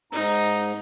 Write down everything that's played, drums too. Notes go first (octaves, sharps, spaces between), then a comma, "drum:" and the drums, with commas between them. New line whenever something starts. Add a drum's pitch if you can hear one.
G#2 D#4 A#5, drum: open hi-hat